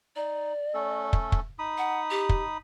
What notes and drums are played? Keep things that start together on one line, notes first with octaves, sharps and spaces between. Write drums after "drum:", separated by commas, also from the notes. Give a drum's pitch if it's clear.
D#4 D5
A3 C#4 A4
drum: kick
drum: kick
D#4 B5 D#6
F#5
G4
drum: kick